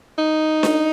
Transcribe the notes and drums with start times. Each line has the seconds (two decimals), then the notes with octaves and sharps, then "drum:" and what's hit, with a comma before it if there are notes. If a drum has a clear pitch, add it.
0.18 D#4
0.63 drum: snare D4